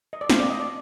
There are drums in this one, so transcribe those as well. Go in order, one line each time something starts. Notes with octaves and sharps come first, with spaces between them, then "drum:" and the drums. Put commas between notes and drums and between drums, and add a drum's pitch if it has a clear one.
D#5
D5
C4 F4 C5, drum: snare
D5
D#5
D5